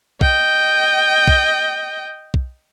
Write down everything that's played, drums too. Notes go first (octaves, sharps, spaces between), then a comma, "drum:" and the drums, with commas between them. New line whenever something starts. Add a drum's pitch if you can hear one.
D#5 G5, drum: kick
drum: kick
drum: kick